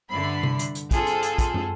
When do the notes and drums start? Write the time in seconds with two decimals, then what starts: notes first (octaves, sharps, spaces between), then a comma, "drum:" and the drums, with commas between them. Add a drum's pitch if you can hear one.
0.11 G2 D3 E5 B5 C7
0.43 drum: tom C3
0.59 drum: hi-hat
0.75 drum: hi-hat
0.91 C4 F4 G#4 A4, drum: kick, hi-hat
1.07 drum: hi-hat
1.23 drum: hi-hat
1.38 drum: kick, hi-hat
1.54 drum: tom